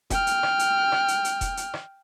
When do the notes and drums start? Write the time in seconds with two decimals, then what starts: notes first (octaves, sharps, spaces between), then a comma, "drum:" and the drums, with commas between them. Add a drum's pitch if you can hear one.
0.10 G5 F6, drum: kick E1, hi-hat
0.27 drum: hi-hat
0.43 drum: rim click
0.59 drum: hi-hat
0.92 drum: rim click
1.08 drum: hi-hat
1.25 drum: hi-hat
1.41 drum: kick E1, hi-hat
1.57 drum: hi-hat
1.74 drum: rim click